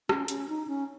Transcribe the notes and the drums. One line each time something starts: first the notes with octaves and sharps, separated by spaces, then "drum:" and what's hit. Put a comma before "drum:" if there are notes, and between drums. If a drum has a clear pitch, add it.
C#4, drum: rim click
C#4, drum: hi-hat
D#4
C#4